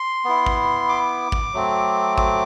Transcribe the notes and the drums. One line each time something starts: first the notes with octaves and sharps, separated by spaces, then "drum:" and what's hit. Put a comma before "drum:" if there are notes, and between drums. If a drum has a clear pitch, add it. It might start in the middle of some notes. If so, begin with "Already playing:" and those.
Already playing: C6
B3 E4
drum: kick
D6
drum: kick
F#3 A3 C4
D6, drum: kick